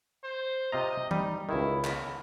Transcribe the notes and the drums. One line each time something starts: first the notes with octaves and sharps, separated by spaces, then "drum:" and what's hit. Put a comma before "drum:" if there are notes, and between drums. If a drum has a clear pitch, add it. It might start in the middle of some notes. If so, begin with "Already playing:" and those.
C5
C3 F4 D#5 A#5
G3 D#4, drum: tom E3
C#2 D#3 E4
B3, drum: clap